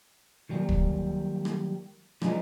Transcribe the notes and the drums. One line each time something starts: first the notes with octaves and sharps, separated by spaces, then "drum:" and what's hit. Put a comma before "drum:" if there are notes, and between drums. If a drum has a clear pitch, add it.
D#3 F#3 G3 A#3
drum: kick
drum: rim click
F3 F#3 G#3 D4 D#4 B4, drum: rim click